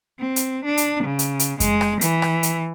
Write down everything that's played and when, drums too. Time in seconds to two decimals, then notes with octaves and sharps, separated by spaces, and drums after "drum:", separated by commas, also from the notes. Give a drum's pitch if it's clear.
0.19 C4
0.36 drum: hi-hat
0.65 D4
0.77 drum: hi-hat
1.04 C#3
1.19 drum: hi-hat
1.39 drum: hi-hat
1.60 G#3, drum: kick F2, hi-hat
1.81 drum: rim click
2.01 E3, drum: hi-hat
2.22 drum: rim click
2.43 drum: hi-hat